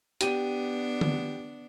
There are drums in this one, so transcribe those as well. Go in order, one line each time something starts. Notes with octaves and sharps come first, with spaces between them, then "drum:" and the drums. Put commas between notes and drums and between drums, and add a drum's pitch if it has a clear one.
B3 D4 G4 D#7, drum: hi-hat
drum: tom D3